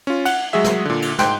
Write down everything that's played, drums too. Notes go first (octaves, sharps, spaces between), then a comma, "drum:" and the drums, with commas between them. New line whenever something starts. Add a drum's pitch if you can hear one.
C#4 F4
F#5, drum: cymbal
F#3 G#3 F#4 G#4 E5
drum: snare
A#2 D3
drum: cymbal
G#2 G5 C6 F#6, drum: snare